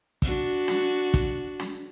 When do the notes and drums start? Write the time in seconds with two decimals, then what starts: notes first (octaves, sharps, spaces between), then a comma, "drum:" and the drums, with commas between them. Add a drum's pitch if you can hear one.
0.22 D4 F#4, drum: kick
0.68 drum: snare
1.14 drum: kick, hi-hat
1.60 drum: snare